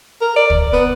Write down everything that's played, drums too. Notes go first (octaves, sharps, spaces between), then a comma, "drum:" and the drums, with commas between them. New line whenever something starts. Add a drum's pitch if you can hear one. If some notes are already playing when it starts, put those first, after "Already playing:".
A#4
D5
drum: kick
B3